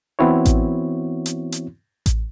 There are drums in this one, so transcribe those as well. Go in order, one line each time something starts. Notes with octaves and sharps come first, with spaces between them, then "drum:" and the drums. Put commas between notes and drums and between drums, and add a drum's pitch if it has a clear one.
E3 B3 C4 E4 F#4 C#5
drum: kick A1, hi-hat
drum: hi-hat
drum: hi-hat
drum: kick A1, hi-hat